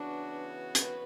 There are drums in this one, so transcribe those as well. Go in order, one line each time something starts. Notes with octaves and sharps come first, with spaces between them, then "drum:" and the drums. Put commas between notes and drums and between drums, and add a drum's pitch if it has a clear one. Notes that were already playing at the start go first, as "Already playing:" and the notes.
Already playing: C#3 E3 B3 D4 F#4
B4, drum: hi-hat